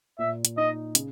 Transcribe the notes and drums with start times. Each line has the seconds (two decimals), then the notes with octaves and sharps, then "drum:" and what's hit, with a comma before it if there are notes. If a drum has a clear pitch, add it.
0.19 A#2 E5
0.45 drum: hi-hat
0.57 D#4 D#5
0.95 C#3, drum: hi-hat